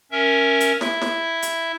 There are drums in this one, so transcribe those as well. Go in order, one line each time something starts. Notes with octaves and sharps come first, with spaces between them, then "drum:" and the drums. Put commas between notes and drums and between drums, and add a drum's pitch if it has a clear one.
C#4 A#4 E5
drum: hi-hat
E4 E5, drum: snare
drum: snare
drum: hi-hat